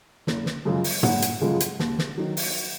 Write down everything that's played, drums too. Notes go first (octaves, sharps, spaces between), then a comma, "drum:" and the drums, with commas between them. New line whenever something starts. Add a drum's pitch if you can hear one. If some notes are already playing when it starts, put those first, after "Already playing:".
F#1, drum: snare
drum: snare
F#2 C#3 F3 G#3
drum: open hi-hat
F#1 F#5, drum: tom
drum: hi-hat
F#2 C#3 F3 G#3
drum: hi-hat
D#2, drum: snare
drum: snare
D#3 F#3
drum: open hi-hat